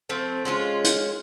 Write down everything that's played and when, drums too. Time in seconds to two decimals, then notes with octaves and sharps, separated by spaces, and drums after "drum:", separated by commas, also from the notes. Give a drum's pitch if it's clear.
0.09 F3 A3 C4
0.45 G#3 C#4 E4 F4
0.84 drum: hi-hat